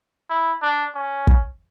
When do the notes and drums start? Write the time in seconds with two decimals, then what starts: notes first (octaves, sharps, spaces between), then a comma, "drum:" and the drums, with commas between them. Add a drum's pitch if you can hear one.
0.30 E4
0.62 D4
0.94 C#4
1.27 drum: kick